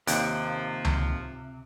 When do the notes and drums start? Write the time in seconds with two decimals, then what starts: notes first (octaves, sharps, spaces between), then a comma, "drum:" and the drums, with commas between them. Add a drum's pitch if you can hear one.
0.07 D#2 C3 F3 F#6 D7, drum: hi-hat
0.85 drum: tom C#2